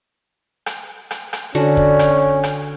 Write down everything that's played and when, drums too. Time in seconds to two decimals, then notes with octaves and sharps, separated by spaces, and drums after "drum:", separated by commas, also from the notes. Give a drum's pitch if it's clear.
0.66 drum: rim click
1.11 drum: rim click
1.33 drum: rim click
1.55 D3 C#4 F#4
1.77 drum: kick
1.99 drum: rim click
2.43 drum: rim click